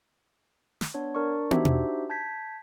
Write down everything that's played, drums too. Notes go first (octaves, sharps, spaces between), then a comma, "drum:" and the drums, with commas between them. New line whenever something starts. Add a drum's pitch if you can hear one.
drum: snare
B3 D4 C#5
D4 A#4 D5 C#6
D4 D#4 F#4 G4 C5 E5, drum: tom
drum: tom B2
A5 G6 G#6 B6